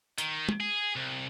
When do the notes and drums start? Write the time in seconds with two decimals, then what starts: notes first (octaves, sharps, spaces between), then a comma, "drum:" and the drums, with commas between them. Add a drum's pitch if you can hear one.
0.18 D#3, drum: hi-hat
0.49 drum: tom
0.61 G#4
0.97 C2